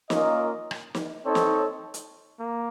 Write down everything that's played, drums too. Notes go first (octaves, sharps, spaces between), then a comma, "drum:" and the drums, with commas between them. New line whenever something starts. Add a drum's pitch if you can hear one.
A#3 C#4 F4 A#4 D#5, drum: snare
drum: rim click
drum: snare
C4 D#4 A4 C#5
drum: snare
drum: hi-hat
A#3